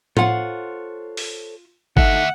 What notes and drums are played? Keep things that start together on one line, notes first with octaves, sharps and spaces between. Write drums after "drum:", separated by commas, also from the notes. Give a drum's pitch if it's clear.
F4 A4 C5 C#5 F#5, drum: tom A2
drum: open hi-hat
D2 D#4 A4 E5 F#5, drum: kick G1